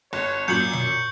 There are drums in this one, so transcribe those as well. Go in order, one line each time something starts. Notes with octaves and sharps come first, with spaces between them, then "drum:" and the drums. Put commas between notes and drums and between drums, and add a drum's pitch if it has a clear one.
G1 C#5
F#2 A#2 C#6 G6 C#7 F#7
drum: tom A#2